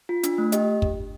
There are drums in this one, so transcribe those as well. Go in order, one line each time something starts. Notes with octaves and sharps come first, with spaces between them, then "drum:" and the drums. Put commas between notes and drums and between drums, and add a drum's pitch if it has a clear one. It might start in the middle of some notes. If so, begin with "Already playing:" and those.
F4
D4, drum: hi-hat
A3
G4 D#5, drum: hi-hat
drum: kick